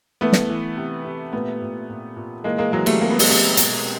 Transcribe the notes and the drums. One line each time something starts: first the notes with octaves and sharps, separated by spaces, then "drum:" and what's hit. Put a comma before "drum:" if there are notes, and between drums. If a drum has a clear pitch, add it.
E3 A3 B3
drum: snare
E3
C3
C3
A#2 A3 B3
A#2
A#2
A#2
E3 G#3 A#3
G#3 A#3
E3 F#3 G#3
G3 A3, drum: cymbal
C3 A#3
B3
G#3 A#3, drum: open hi-hat
C3
B2, drum: hi-hat